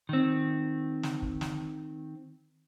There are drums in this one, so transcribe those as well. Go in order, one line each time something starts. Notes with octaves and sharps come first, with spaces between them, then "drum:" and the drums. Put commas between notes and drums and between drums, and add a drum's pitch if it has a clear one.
D#3 C4
drum: snare
drum: kick
drum: snare